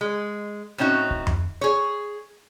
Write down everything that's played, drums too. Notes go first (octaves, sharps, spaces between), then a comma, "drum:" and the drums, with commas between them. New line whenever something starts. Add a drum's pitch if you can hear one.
G#3
A2 C4 C#4 D#4 F#4
drum: kick C#1
drum: tom F2
G#4 C#5